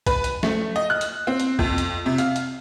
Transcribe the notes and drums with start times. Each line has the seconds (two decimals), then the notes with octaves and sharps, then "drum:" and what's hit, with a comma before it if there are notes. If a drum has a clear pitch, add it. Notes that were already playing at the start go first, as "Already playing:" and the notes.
0.06 B4, drum: kick, hi-hat
0.24 drum: hi-hat
0.43 A3, drum: snare
0.76 D#5
0.90 F#6
1.01 drum: hi-hat
1.27 C4
1.40 drum: hi-hat
1.59 F2, drum: kick
1.78 drum: hi-hat
2.06 C3
2.18 F5, drum: hi-hat
2.36 drum: hi-hat